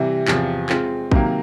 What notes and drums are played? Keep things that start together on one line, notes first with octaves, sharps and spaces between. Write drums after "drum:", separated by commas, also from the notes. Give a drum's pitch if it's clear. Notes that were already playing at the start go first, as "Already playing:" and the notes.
Already playing: C3 E3 G3
E2 C3 F3, drum: clap
G#3 C4 F4, drum: clap
C3 D#3 F#3 A#3, drum: kick A1